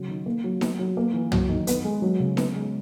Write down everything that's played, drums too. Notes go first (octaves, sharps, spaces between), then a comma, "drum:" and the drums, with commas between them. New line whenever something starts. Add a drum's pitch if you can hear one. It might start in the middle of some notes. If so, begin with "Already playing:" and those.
Already playing: C#3 F#3
D#3
A#3
F#3
B3, drum: snare D#4
F#3
A#3
E3
F#3, drum: tom
D#3
B3, drum: hi-hat
G#3
F#3
C#3
B3, drum: snare D#4
G#3